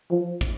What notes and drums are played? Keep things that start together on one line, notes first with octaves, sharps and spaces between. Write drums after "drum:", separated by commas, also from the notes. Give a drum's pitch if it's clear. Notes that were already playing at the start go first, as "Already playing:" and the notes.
F3
drum: kick